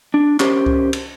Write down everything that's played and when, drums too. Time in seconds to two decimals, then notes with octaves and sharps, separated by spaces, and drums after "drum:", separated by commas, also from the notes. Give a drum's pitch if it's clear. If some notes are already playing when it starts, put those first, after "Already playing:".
0.14 D4
0.40 C#4 G4 A#4 C5, drum: clap
0.66 drum: kick C#2
0.93 drum: cymbal